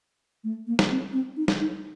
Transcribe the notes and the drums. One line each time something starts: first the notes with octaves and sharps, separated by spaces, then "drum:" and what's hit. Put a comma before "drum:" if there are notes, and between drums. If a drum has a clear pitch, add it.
A3
A#3
drum: snare
C4
C4
D#4
drum: snare
D#4